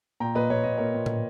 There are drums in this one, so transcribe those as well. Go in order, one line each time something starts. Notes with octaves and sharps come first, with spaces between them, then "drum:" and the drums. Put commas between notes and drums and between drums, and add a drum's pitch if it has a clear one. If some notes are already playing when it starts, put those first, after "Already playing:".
A#2 G5 A#5
A#2 B4 D#5
A#2 C#5
A#2 D#5
A#2 A#4 C#5
A#2
drum: tom A2